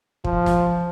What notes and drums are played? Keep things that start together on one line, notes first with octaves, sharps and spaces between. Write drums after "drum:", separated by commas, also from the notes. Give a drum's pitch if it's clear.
F3, drum: kick
drum: snare